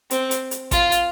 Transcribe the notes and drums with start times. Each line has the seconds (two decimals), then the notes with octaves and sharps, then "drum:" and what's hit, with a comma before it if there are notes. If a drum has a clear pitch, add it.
0.11 C4, drum: hi-hat
0.31 drum: hi-hat
0.51 drum: hi-hat
0.71 F4, drum: kick A1, hi-hat
0.92 drum: hi-hat